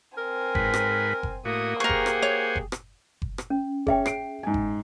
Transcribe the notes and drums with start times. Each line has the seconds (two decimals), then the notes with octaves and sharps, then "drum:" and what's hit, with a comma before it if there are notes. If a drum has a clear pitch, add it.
0.18 C4 A#4 G#5
0.55 G#2 B4, drum: kick F#1
0.74 drum: rim click
1.23 drum: kick F#1
1.45 A2 A#3 F#4 D#6
1.80 G4 G#4 A#4 C5 F#5 G#5 C#6
1.89 drum: kick F#1
2.06 drum: rim click
2.22 C#5
2.56 drum: kick F#1
2.72 drum: rim click
3.22 drum: kick F#1
3.38 drum: rim click
3.50 C#4
3.87 C#4 G#4 C#5 E5 G5, drum: kick F#1
4.06 C7 D7, drum: rim click
4.43 G#2 G#5
4.54 drum: kick F#1